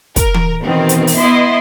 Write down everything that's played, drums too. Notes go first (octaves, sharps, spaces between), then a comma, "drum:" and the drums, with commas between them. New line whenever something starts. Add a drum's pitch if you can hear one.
A#4, drum: kick, hi-hat
drum: tom E3
B2 D#3 E3 C4
drum: hi-hat
drum: open hi-hat
B3 E4 D#5 C6